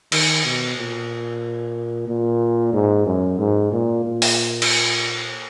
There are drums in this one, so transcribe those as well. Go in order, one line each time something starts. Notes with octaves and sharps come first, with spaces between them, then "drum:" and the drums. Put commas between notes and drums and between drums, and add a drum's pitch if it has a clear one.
D#3, drum: cymbal
B2
A#2
A#2
G#2
F#2
G#2
A#2
A#2
drum: open hi-hat
drum: cymbal